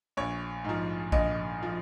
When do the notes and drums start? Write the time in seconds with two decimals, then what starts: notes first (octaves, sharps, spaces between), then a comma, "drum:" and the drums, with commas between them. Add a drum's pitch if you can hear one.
0.17 A#1 C#5
0.64 G#2 F3
1.12 A#1 D#5, drum: kick A#1
1.63 F3